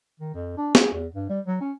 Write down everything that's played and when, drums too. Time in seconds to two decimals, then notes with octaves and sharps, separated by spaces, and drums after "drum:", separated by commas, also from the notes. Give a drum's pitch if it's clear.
0.20 D#3
0.34 F2
0.57 D4
0.75 G#4, drum: snare
0.93 E2
1.14 G2
1.29 G3
1.47 F#3
1.61 C#4